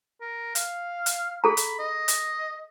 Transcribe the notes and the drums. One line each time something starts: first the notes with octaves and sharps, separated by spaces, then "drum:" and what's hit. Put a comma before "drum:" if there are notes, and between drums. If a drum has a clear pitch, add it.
A#4
F5, drum: hi-hat
drum: hi-hat
G#4 A4 A#5 B5
drum: hi-hat
D#5
drum: hi-hat